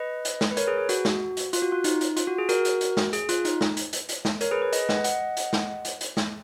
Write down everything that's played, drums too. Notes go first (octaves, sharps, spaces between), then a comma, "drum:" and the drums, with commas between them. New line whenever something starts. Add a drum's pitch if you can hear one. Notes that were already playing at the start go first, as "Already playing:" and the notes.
Already playing: B4 D#5
drum: hi-hat
drum: snare
B4
A#4 C#5, drum: hi-hat
G#4 B4
G#4
F#4, drum: hi-hat
drum: snare
drum: hi-hat
F4, drum: hi-hat
F#4
F4
D#4, drum: hi-hat
drum: hi-hat
F4, drum: hi-hat
F#4
G#4
F#4 A#4, drum: hi-hat
drum: hi-hat
drum: hi-hat
drum: snare
G#4, drum: hi-hat
F4, drum: hi-hat
D#4, drum: hi-hat
drum: snare
drum: hi-hat
drum: hi-hat
drum: hi-hat
drum: snare
A#4 C#5, drum: hi-hat
G#4 B4
G#4 B4
B4 D#5, drum: hi-hat
D#5 F#5, drum: snare
D#5 F#5, drum: hi-hat
drum: hi-hat
drum: snare
drum: hi-hat
drum: hi-hat
drum: snare